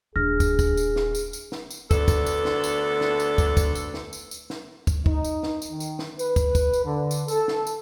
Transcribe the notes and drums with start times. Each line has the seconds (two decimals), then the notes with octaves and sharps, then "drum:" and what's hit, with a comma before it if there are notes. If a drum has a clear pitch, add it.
0.16 D#1 D4 G#4 F6 A#6
0.40 drum: kick, tambourine
0.59 drum: kick, tambourine
0.77 drum: tambourine
0.96 drum: snare
1.15 drum: tambourine
1.33 drum: tambourine
1.52 drum: snare
1.71 drum: tambourine
1.91 D2 B3 D4 A4, drum: kick, tambourine
2.08 drum: kick, tambourine
2.26 drum: tambourine
2.45 drum: snare
2.64 drum: tambourine
3.01 drum: snare
3.20 drum: tambourine
3.38 drum: kick, tambourine
3.57 drum: kick, tambourine
3.75 drum: tambourine
3.94 drum: snare
4.13 drum: tambourine
4.31 drum: tambourine
4.50 drum: snare
4.87 drum: kick, tambourine
5.06 D#4, drum: kick
5.24 drum: tambourine
5.43 drum: snare
5.62 drum: tambourine
5.71 D#3
5.80 drum: tambourine
5.99 drum: snare
6.19 B4, drum: tambourine
6.36 drum: kick, tambourine
6.55 drum: kick, tambourine
6.74 drum: tambourine
6.85 D3
7.11 drum: tambourine
7.28 A4, drum: tambourine
7.48 drum: snare
7.67 drum: tambourine